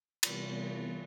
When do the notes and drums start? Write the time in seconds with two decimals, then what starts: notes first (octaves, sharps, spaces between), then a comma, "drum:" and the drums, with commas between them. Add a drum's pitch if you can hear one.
0.23 C3 E3 G3 B3, drum: cymbal
0.56 B3